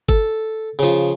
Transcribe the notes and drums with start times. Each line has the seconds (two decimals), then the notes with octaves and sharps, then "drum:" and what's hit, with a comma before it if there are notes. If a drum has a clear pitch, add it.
0.09 A4, drum: kick G1
0.79 C#3 F3